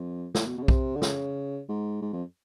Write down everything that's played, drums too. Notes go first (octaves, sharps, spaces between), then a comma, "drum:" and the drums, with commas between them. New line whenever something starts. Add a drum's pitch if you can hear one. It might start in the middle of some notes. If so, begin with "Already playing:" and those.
Already playing: F2
A2, drum: snare
B2
B2
C#3
C3, drum: kick B1
D3
C#3, drum: snare
G#2
G#2
F2